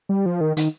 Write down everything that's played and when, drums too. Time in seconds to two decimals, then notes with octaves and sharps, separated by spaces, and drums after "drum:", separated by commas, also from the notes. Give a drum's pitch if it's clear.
0.09 G3
0.26 F3
0.41 D#3
0.57 D#3, drum: hi-hat